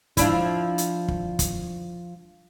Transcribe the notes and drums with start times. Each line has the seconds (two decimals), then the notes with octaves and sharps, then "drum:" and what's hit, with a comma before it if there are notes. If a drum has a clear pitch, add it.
0.17 F3 D4 E4, drum: kick, hi-hat
0.78 drum: hi-hat
1.08 drum: kick
1.39 drum: kick, hi-hat